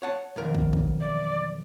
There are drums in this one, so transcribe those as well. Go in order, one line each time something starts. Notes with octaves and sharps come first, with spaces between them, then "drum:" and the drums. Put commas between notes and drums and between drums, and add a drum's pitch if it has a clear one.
C#5 F#5 A5
B1 F2 D#3 F3 A#4
drum: kick
drum: kick
E3 D5